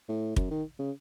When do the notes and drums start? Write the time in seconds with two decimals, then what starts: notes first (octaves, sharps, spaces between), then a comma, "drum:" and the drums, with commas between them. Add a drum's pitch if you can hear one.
0.09 A2
0.36 F#2, drum: kick
0.50 D#3
0.79 C#3